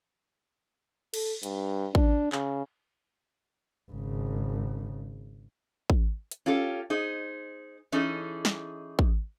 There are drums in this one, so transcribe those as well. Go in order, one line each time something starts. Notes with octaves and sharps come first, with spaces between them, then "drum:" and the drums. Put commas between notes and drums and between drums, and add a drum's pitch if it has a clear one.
A4, drum: cymbal
G2, drum: hi-hat
D4, drum: kick
C#3, drum: clap
G#1 C#3
drum: kick
drum: hi-hat
C#4 F4 G4 A4
D#4 G#4 C5
E3 C#4 D#4 G#4 A4
drum: snare
drum: kick